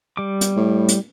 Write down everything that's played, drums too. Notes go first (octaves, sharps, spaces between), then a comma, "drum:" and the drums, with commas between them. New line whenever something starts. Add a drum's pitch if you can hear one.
G3 D6
drum: hi-hat
A2
drum: hi-hat